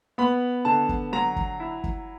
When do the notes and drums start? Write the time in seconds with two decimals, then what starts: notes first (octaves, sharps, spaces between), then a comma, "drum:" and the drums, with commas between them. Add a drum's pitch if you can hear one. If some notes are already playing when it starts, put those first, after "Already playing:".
0.18 B3 B5
0.65 D3 A5
0.89 drum: kick
1.12 F#3 A#5
1.36 drum: kick
1.60 E4
1.84 drum: kick